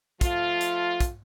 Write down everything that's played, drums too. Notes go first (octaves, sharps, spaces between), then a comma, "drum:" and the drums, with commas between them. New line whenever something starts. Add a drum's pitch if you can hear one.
F3 A3 F4, drum: kick, hi-hat
drum: hi-hat
drum: kick, hi-hat